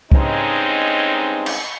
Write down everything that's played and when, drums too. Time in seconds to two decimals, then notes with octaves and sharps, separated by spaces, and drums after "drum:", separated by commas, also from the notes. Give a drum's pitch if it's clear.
0.12 G2 G#3 C4 C#4 D#4, drum: kick
1.46 drum: cymbal